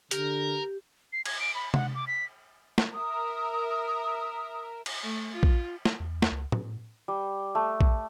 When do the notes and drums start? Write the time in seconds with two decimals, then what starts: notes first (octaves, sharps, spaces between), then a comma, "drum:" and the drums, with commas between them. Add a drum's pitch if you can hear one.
0.11 D3 G4 A#4, drum: hi-hat
1.13 C7
1.26 G#6, drum: cymbal
1.40 D7
1.55 B5
1.74 F#5, drum: tom C3
1.95 D6
2.07 B6
2.78 drum: snare
2.93 A#4 E5 D#6
4.86 drum: cymbal
5.03 A3
5.33 F4
5.43 drum: kick
5.85 drum: snare
6.00 E2
6.22 drum: snare
6.32 C#2
6.52 A2, drum: tom A2
7.08 G3
7.55 A3
7.81 drum: kick